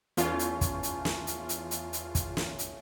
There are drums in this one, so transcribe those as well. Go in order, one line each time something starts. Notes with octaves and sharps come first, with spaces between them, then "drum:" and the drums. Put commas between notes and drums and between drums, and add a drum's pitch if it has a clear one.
E2 A3 C#4 F4, drum: hi-hat
drum: hi-hat
drum: kick, hi-hat
drum: hi-hat
drum: snare
drum: hi-hat
drum: hi-hat
drum: hi-hat
drum: hi-hat
drum: kick, hi-hat
drum: snare
drum: hi-hat